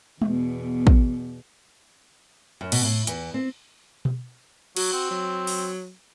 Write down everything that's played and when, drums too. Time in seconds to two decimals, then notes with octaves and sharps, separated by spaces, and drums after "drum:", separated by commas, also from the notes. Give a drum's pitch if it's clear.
0.22 E2 B2, drum: tom G#3
0.87 drum: kick
2.61 F#2
2.72 B2, drum: cymbal
2.84 A2
3.07 E2, drum: hi-hat
3.34 C4
4.05 drum: tom B2
4.76 F#3 F#4, drum: cymbal
4.93 C4
5.11 F#3
5.47 drum: open hi-hat